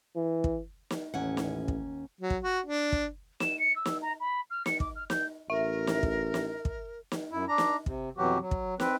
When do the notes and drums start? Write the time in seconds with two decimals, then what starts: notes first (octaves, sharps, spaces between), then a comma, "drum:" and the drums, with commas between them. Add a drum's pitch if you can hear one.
0.16 E3
0.44 drum: kick
0.91 drum: snare
1.14 A1 D#2 C#4 F#5
1.37 drum: snare
1.68 drum: kick
2.21 F#3
2.30 drum: kick
2.43 F#4
2.66 D4
2.92 drum: kick
3.40 E7, drum: snare
3.59 C#7
3.76 E6
3.86 drum: snare
4.02 A#5
4.20 B5
4.50 F6
4.66 C#7, drum: snare
4.80 D6, drum: kick
4.96 F6
5.10 G6, drum: snare
5.50 A1 A#4 E5
5.87 drum: snare
6.03 drum: kick
6.34 drum: snare
6.65 drum: kick
7.12 drum: snare
7.32 F#2 E4
7.48 D4 A#5
7.58 drum: snare
7.86 C3, drum: kick
8.17 F2 B2 E3 F#3 F#4 G4
8.40 F#3
8.51 drum: kick
8.80 C4 B4, drum: snare